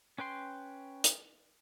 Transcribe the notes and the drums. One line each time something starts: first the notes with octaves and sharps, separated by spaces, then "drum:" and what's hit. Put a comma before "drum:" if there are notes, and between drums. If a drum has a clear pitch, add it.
C#4 B4 G5 C6
drum: hi-hat